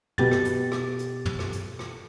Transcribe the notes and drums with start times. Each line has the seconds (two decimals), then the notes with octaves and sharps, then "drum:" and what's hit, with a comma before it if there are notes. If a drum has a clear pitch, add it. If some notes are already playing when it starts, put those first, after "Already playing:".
0.18 B2 G4 A6, drum: tom
0.31 drum: rim click
0.45 drum: hi-hat
0.72 drum: rim click
0.99 drum: hi-hat
1.26 drum: tom
1.39 drum: rim click
1.52 drum: hi-hat
1.79 drum: rim click